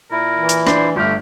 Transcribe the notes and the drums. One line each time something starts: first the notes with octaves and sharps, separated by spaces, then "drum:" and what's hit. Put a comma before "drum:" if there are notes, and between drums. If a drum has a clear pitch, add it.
A#2 E4 A#4
E3
drum: hi-hat
D4 C5, drum: rim click
G1 A3 G4 F6